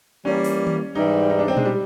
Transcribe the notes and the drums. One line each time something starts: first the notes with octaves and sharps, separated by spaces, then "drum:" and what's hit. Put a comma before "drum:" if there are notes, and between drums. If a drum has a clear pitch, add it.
E3 G3 A#3 C#4
drum: open hi-hat
drum: tom D#3
G#2 E3 G3 D#4
D#4
D4
C4
G#3, drum: tom A#2
G3